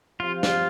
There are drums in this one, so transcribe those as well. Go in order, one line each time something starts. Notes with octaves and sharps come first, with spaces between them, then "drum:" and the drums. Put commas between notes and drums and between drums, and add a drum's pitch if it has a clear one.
F3 C4 F4 G4 C5 F5
F4, drum: snare